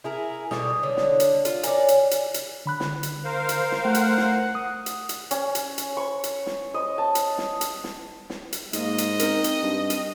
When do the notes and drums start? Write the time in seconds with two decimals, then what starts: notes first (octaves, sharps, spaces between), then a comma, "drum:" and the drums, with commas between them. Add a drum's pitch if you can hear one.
0.04 E4 G#4 A#4
0.51 B2 D3 G3 D#6, drum: snare
0.83 D3 C#5
0.97 drum: snare
1.20 drum: hi-hat
1.45 F4, drum: hi-hat
1.63 A#4 C#5 D5 G#5, drum: hi-hat
1.88 drum: hi-hat
2.11 drum: hi-hat
2.34 drum: hi-hat
2.66 D3 B5 F#6
2.80 drum: snare
3.03 drum: hi-hat
3.25 A#4 C5 F5
3.49 drum: hi-hat
3.72 drum: snare
3.85 A3 F#5
3.95 drum: hi-hat
4.17 drum: snare
4.55 D#6
4.86 drum: hi-hat
5.09 drum: hi-hat
5.31 C#4, drum: hi-hat
5.55 drum: hi-hat
5.78 drum: hi-hat
5.97 C#6
6.24 drum: hi-hat
6.46 drum: snare
6.74 D#5
6.98 A5
7.15 drum: hi-hat
7.38 drum: snare
7.61 drum: hi-hat
7.84 drum: snare
8.30 drum: snare
8.53 drum: hi-hat
8.73 G#2 A#3 D#5, drum: hi-hat
8.98 drum: hi-hat
9.19 C4 D#4 A#4, drum: hi-hat
9.44 drum: hi-hat
9.62 G2
9.90 drum: hi-hat